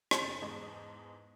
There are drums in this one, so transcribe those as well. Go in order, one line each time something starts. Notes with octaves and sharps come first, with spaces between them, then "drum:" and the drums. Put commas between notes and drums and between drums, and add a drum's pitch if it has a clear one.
F#1 G6 A6, drum: rim click
E2 G#2 G#3 D#5 A5 C#6